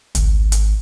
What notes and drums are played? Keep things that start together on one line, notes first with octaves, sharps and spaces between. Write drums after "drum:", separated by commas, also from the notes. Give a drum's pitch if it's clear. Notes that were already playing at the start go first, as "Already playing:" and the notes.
G#1, drum: kick C#2, hi-hat
drum: hi-hat